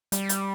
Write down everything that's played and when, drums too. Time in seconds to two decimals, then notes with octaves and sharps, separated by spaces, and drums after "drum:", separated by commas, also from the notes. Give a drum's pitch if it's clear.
0.12 G3, drum: hi-hat
0.29 drum: hi-hat